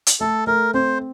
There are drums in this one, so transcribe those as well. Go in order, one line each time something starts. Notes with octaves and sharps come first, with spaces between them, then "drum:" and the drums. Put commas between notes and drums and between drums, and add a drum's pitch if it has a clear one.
drum: hi-hat
A3 A4
A3 A#4
C4 C5